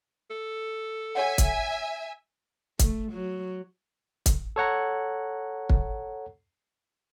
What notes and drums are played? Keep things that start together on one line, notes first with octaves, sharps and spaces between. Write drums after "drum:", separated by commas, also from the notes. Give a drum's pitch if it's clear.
A4
G4 C#5 E5 F#5 G#5
drum: kick, hi-hat
A3, drum: kick, hi-hat
F#3
drum: kick, hi-hat
A4 C#5 F#5 A#5
drum: kick